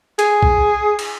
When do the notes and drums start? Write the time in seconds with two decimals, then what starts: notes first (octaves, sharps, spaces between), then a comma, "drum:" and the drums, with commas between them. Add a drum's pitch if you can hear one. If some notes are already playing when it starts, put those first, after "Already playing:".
0.19 G#4, drum: hi-hat
0.43 drum: kick B1
0.99 drum: cymbal